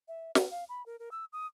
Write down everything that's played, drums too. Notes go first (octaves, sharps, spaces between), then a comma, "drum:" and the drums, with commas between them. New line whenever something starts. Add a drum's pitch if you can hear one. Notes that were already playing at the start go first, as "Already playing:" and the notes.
E5
B4, drum: snare
F5
B5
A#4
A#4
E6
D#6